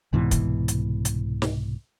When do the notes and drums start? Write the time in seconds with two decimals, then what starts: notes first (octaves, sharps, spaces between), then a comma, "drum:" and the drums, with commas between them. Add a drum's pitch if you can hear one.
0.13 C2 G#2 B2 E3
0.31 drum: kick, hi-hat
0.68 drum: hi-hat
1.05 drum: hi-hat
1.42 drum: snare